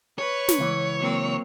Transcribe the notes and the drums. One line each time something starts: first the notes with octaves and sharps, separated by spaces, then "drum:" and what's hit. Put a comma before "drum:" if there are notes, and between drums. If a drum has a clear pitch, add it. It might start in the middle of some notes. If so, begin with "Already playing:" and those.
B4 C#5
drum: snare
C#2 E3
F#3 A#3 C4